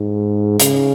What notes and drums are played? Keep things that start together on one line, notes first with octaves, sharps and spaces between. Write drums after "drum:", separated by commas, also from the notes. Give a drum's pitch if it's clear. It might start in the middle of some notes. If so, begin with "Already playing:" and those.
Already playing: G#2
C#3, drum: hi-hat